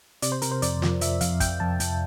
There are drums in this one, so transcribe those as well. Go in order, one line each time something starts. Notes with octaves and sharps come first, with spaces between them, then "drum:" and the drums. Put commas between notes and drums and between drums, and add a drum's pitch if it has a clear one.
C3 D5, drum: hi-hat
C5
C3 A#4, drum: hi-hat
C5
F2 D5, drum: hi-hat
F3, drum: snare
F3 E5, drum: hi-hat
F2 F5, drum: hi-hat
F2 G5, drum: kick, hi-hat
F2 A5
F2 G5, drum: hi-hat